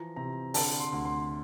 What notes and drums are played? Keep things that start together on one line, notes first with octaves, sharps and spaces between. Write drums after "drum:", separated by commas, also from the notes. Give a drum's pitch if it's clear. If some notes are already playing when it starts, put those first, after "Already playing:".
Already playing: E3 F3 A#5
C3 A#5
D3 A5, drum: open hi-hat
C6
D2
C6